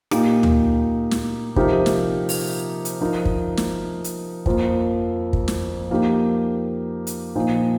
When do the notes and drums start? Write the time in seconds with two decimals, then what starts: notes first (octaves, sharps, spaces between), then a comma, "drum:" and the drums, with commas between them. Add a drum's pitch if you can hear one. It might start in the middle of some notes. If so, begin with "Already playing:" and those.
0.11 A#2 A#3 D#4 G4, drum: rim click
0.43 drum: tom D2
1.11 drum: snare
1.56 C3 F3 D#4 G4 A#4, drum: kick
1.86 drum: snare
2.29 drum: open hi-hat
2.85 drum: hi-hat
3.01 F3 D#4 A#4
3.25 drum: kick
3.57 drum: snare
4.04 drum: hi-hat
4.46 F2 F3 A#3, drum: kick
5.33 drum: kick
5.48 drum: snare
5.90 F3 A#3 D#4 G4
7.07 drum: hi-hat
7.35 A#2 F3 D#4